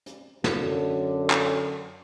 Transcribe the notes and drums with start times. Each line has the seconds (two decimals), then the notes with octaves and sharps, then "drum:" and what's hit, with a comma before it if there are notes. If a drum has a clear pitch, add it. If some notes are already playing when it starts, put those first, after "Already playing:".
0.06 drum: hi-hat
0.44 F#2 D3, drum: snare
1.30 drum: clap